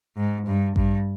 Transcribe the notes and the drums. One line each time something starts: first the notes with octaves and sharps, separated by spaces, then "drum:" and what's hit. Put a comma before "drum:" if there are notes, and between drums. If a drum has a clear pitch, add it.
G#2
G2
G2, drum: kick A1